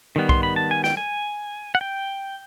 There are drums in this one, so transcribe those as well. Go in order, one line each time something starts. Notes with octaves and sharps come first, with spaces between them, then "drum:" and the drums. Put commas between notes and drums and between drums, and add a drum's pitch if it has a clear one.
D#3 G3 B3
C6, drum: kick B1
B5
A5
G#5
G5, drum: snare
G#5
F#5
G5